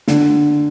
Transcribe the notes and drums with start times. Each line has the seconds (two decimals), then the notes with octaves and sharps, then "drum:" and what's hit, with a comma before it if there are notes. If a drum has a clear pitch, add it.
0.08 D3, drum: snare